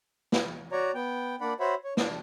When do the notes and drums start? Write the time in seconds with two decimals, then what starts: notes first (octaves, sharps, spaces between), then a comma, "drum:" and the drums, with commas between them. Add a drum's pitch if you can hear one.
0.32 drum: snare
0.72 F#4 C#5 D5 A#5
0.94 B3 G5
1.41 A#3 D4 D5 F#5 B5
1.60 F#4 C5 C#5 E5 F#5 B5
1.84 C#5
1.97 D4, drum: snare